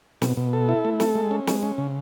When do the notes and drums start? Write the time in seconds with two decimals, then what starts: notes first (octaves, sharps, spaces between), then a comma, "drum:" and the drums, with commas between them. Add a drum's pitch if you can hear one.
0.22 B2, drum: snare
0.37 B2
0.53 A4
0.69 E4
0.85 A3
1.00 A4, drum: snare
1.15 G#3
1.31 C#4
1.47 G#3, drum: snare
1.63 C#4
1.78 C#3